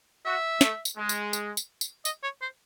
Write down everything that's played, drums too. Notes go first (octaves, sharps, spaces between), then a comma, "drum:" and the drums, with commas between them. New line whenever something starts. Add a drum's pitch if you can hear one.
F#4 E5
A3, drum: snare
drum: tambourine
G#3
drum: tambourine
drum: tambourine
drum: tambourine
drum: tambourine
D#5, drum: tambourine
C#5
C5